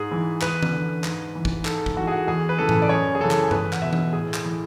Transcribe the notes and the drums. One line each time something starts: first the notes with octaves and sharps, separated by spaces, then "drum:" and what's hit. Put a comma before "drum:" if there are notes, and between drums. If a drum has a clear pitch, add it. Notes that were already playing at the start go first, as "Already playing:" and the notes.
Already playing: G#2 G#4
E3
E2 B4, drum: clap
drum: tom D#3
D3
G#2, drum: clap
E3
drum: kick
G#2 A4, drum: clap
drum: kick
E3 F#4
G#4
F#4
E2 G#4
B4
C#3 E3 A4
drum: tom A2
D5
F#2 C#5
G#4
C#3 E3 A4
drum: clap
E2 B4, drum: tom G2
F#5, drum: clap
B2 E5
drum: tom E3
A2 G#4
drum: clap
E3